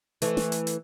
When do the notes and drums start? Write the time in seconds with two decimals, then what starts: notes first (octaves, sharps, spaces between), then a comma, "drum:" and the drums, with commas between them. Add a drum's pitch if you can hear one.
0.22 E3 A3, drum: hi-hat
0.37 drum: snare
0.52 drum: hi-hat
0.67 drum: hi-hat